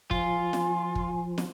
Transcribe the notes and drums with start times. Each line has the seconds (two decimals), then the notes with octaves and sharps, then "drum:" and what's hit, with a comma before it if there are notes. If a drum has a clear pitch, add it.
0.11 F3 F4 G#5, drum: kick
0.53 drum: snare
0.95 drum: kick
1.38 drum: snare